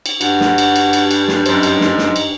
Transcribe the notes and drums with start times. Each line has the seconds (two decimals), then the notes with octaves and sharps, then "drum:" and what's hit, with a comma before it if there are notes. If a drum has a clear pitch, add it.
0.06 drum: cymbal
0.21 G2 F#4, drum: cymbal
0.41 drum: snare
0.58 drum: cymbal
0.76 drum: cymbal
0.93 drum: cymbal
1.11 drum: cymbal
1.28 drum: snare
1.46 F#2 D#4 C5, drum: cymbal
1.63 drum: cymbal
1.81 drum: snare
1.98 drum: snare
2.16 drum: cymbal